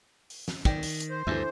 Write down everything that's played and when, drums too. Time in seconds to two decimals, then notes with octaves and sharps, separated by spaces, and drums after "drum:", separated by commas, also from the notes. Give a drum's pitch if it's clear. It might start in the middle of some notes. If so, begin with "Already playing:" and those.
0.30 drum: open hi-hat
0.48 drum: snare
0.65 D#3 D5 G5, drum: kick, hi-hat
0.83 drum: open hi-hat
1.00 drum: hi-hat
1.10 C5
1.27 D2 G2 D3 E3 E4